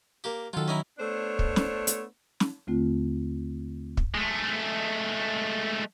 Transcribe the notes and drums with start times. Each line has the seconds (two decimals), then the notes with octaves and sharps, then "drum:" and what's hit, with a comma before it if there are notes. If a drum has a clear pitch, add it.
0.24 A#3 G4
0.53 D#3 F#3 F4 A4
0.68 C#4 D#4 E4
0.99 A3 B3 D4 C5 C#5
1.39 drum: kick
1.56 drum: snare
1.87 drum: hi-hat
2.40 drum: snare
2.67 D#2 D3 A3 C4 F4
3.97 drum: kick
4.14 G#3 A3